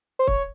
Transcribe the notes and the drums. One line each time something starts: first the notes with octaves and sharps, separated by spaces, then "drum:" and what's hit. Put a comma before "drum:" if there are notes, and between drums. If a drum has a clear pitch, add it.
C5
C#5, drum: kick